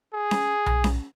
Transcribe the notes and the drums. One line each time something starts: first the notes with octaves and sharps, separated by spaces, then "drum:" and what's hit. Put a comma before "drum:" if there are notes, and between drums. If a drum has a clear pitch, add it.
G#4
drum: snare C#4
drum: tom B1
drum: snare C#4